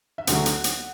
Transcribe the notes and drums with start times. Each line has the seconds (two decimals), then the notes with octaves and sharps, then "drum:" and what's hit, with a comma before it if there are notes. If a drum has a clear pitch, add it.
0.18 E5
0.27 D2 D3 F#3 F#5, drum: hi-hat
0.46 drum: hi-hat
0.64 drum: hi-hat